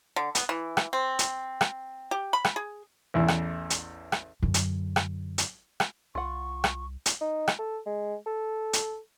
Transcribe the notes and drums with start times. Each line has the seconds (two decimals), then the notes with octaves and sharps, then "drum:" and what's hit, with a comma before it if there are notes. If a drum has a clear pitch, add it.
0.16 D3
0.35 B3, drum: hi-hat
0.49 E3
0.77 drum: rim click
0.93 C4
1.19 drum: hi-hat
1.61 drum: rim click
2.11 G4
2.33 B5
2.45 drum: rim click
2.56 G#4
3.14 A1 E2 E4
3.28 drum: rim click
3.70 drum: hi-hat
4.12 drum: rim click
4.43 F#2 D3
4.54 drum: hi-hat
4.96 drum: rim click
5.38 drum: hi-hat
5.80 drum: rim click
6.15 C2 F4 F#5 C#6
6.64 drum: rim click
7.06 drum: hi-hat
7.21 D#4
7.48 drum: rim click
7.59 A4
7.86 G#3
8.26 A4
8.73 drum: hi-hat